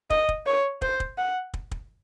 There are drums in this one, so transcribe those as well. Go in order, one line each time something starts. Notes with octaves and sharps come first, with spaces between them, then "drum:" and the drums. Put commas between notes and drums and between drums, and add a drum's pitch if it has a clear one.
D#5, drum: kick
drum: kick
C#5
C5, drum: kick
drum: kick
F#5
drum: kick
drum: kick